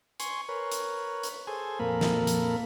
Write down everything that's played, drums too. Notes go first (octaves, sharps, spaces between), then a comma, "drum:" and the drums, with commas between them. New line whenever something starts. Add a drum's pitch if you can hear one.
G#5 C6 C#6, drum: hi-hat
A#4 B4 C#5
drum: hi-hat
drum: hi-hat
G#4 A4 C5 G#5
F2 A#2 A#3 A4 A#4 B5
drum: snare
drum: hi-hat